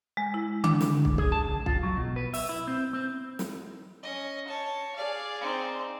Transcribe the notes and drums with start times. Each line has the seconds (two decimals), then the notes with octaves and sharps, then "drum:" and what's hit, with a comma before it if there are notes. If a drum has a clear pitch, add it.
0.17 G#3
0.34 E4
0.64 D4, drum: tom D3
0.81 drum: snare
1.05 drum: kick
1.18 G#4, drum: kick
1.32 A5
1.44 C#2
1.66 F4, drum: kick
1.83 F#3
1.97 B2
2.16 B4
2.34 E5, drum: open hi-hat
2.49 E4
2.68 C4
2.93 C4
3.39 drum: snare
4.03 C#4 D#5
4.47 C#5 A5
4.95 G#4 D5 F5
5.41 C4 D#4